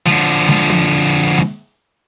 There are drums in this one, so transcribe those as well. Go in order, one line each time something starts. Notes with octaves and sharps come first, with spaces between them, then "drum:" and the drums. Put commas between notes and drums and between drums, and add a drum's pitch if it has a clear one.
D3 F3, drum: snare
drum: snare
drum: tom
drum: snare